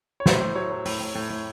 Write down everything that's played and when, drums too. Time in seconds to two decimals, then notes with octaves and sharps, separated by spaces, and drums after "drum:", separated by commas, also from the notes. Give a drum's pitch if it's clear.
0.20 C#5
0.26 A2 C5, drum: snare
0.40 A2
0.55 F#3 C#5
0.71 F#3
0.85 A2, drum: open hi-hat
1.00 A2
1.15 A2
1.30 A2